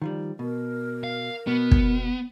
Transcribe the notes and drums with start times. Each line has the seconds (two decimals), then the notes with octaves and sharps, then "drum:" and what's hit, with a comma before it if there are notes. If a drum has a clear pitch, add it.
0.02 D#3 F3 G3
0.39 B2 A#4
1.04 F5
1.47 B2 B3
1.71 drum: kick